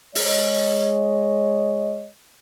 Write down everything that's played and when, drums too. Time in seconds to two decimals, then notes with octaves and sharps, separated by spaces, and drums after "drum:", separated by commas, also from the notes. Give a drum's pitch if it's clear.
0.15 G#3 C#5 D#5, drum: open hi-hat